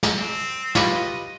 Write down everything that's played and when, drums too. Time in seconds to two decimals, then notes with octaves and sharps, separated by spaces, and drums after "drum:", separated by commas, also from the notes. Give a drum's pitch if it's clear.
0.03 drum: snare
0.17 C4
0.75 F4 G4 B4 D#5, drum: snare